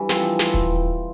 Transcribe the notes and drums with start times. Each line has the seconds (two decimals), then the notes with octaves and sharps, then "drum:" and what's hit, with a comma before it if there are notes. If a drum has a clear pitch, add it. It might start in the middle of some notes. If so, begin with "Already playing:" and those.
Already playing: G2 E3
0.09 F3 C4, drum: snare
0.39 drum: snare
0.54 drum: kick D#1